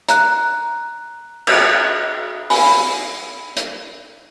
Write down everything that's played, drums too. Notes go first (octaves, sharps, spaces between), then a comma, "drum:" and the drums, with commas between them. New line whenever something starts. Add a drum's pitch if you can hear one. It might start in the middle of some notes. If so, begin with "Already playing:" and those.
A#5 F#6, drum: hi-hat
drum: cymbal
G#5 B5, drum: open hi-hat
drum: hi-hat